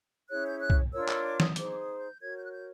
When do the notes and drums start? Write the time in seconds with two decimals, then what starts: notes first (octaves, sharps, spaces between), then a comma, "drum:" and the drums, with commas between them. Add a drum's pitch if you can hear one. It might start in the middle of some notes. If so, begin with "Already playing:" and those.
0.29 C#4 E4 G#4 C#5 F#6
0.45 G6
0.61 F#6
0.70 drum: kick B1
0.92 D4 F4 A#4 C#5 E6
1.08 E6, drum: clap
1.25 D6
1.40 D#6, drum: snare E3
1.56 D#4 G#4 C5 D6, drum: hi-hat
1.71 D6
1.78 D#6
1.99 G6
2.20 F#4 A#4 C#5 G#6
2.36 G6
2.44 F#6
2.51 G6